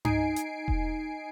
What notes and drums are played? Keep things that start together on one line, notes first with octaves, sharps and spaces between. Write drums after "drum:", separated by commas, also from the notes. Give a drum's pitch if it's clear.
D#4 G#5 C7 D7, drum: tom G2
drum: hi-hat
drum: kick E1